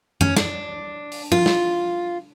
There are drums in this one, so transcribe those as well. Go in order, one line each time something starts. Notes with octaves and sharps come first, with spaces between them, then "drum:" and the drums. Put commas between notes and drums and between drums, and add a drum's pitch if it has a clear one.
C#4, drum: tom F#2
D4, drum: snare
drum: open hi-hat
F4, drum: tom F3
drum: snare